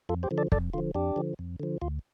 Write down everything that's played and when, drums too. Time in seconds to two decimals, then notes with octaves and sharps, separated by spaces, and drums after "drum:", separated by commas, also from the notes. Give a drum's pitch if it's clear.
0.09 F2 F4 A4
0.23 G4 C5
0.31 D3 F3
0.38 A4 D5
0.52 F2 A4 D5, drum: kick
0.73 D3 F3 F4
0.95 F2 D4 G4
1.16 D3 F3
1.39 F2
1.60 D3 F3
1.82 D2 F4